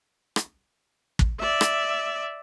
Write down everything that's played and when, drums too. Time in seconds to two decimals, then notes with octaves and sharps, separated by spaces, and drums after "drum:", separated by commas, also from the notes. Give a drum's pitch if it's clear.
0.36 drum: rim click
1.19 drum: kick
1.40 D5 E5
1.61 drum: rim click